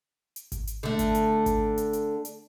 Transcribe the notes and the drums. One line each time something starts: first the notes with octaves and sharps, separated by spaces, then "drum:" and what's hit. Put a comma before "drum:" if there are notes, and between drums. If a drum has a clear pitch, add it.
drum: hi-hat
drum: kick G#1, hi-hat
drum: hi-hat
D3 A3
drum: kick G#1, hi-hat
drum: hi-hat
drum: kick G#1, hi-hat
drum: hi-hat
drum: hi-hat
drum: hi-hat